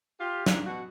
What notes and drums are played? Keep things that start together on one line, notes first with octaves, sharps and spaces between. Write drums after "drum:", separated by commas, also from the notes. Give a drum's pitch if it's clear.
F4 G4
G#2 A#3 D4, drum: snare
B2 F#4